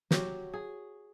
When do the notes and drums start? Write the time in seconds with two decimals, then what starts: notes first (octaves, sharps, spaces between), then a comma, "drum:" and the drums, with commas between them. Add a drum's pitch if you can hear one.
0.11 F#3 F#4 G4, drum: snare
0.54 G#4